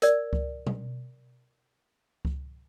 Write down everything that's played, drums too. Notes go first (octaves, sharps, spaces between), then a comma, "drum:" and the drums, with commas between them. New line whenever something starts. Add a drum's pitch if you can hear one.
A#4 D5, drum: hi-hat
drum: kick C#2
drum: tom B2
drum: kick C#2